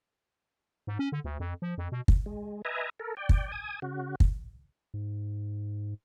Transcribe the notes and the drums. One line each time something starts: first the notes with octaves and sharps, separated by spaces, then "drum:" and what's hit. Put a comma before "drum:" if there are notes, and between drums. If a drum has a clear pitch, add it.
G#2
C#4
D3
D2
F2
F3
F2
B2
drum: kick
G#3
B4 D#5 E5 G#5 A#5
A4 A#4
D5 G5
drum: kick
G#5 D#6
C#3 F#4
drum: kick
G#2